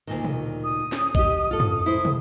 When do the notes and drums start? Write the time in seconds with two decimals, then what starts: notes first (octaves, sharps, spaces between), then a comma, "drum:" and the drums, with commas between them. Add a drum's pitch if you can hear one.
0.07 D2 A#2 D#3
0.25 drum: tom
0.64 D#6
0.92 drum: snare
1.15 G4 D#5, drum: kick A#1
1.51 F4 A4
1.60 drum: tom
1.86 E4 C5
2.05 drum: tom